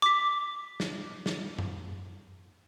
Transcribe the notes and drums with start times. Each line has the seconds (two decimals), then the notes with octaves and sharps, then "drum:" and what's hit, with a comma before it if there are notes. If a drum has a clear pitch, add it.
0.02 D6 B6
0.80 drum: snare
1.26 drum: snare
1.59 drum: tom F#2